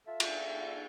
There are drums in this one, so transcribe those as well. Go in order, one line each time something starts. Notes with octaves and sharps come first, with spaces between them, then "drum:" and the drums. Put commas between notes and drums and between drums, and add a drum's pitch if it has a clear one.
F4 A4 E5
drum: cymbal